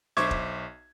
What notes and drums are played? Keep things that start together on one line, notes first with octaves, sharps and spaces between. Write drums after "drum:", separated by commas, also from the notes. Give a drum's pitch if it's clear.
B1 C5 E5 C#6 D6 G#6, drum: snare D4
drum: kick E1